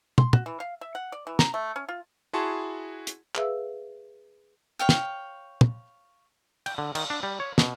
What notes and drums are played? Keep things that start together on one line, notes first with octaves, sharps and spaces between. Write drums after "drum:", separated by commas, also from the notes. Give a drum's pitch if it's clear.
C6, drum: tom
F#4, drum: tom
E3
F5
E5
F#5
D5
E3
A#5, drum: snare
A3
C#4
F4
E4 F#4 G#4 A5 C6 C#6
drum: hi-hat
G#4 B4 E5 F5 E6, drum: clap
C#5 F5 G5
drum: snare
drum: tom
G5, drum: cymbal
D3
D#3, drum: cymbal
D4
G3
C#5
B2, drum: snare